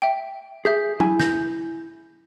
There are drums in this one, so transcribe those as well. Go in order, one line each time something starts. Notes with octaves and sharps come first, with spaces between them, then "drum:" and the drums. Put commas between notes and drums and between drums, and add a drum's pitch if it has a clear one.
E5 G5
G#4 E5 G6 B6
E4 G#5, drum: tom F#3
G6 A#6, drum: snare